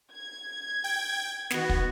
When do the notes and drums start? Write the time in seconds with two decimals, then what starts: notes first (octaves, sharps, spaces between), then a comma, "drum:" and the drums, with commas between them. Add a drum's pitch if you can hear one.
0.14 G#6
0.84 G5
1.50 D#3 B3 F#4, drum: snare
1.69 drum: kick